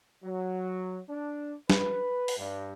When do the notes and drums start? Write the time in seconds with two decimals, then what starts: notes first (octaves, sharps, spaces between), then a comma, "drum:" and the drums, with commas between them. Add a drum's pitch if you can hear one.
0.24 F#3
1.09 D4
1.70 B4, drum: snare
2.28 drum: open hi-hat
2.38 G2